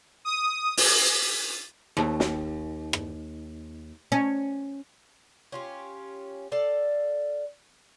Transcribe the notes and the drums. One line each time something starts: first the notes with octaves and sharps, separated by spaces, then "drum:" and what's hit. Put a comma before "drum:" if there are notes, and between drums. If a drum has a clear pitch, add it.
D#6
drum: open hi-hat
D#2
drum: snare
drum: rim click
C#4
C#4 F4 G4
A4 D5 F5 A5